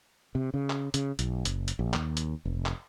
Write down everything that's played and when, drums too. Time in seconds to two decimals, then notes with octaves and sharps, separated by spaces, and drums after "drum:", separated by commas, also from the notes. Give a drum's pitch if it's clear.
0.35 C3
0.54 C#3
0.70 drum: clap
0.94 C#3, drum: hi-hat
1.19 B1, drum: hi-hat
1.45 F#1, drum: hi-hat
1.68 drum: hi-hat
1.79 A#1
1.94 D#2, drum: clap
2.17 drum: hi-hat
2.45 F1
2.66 drum: clap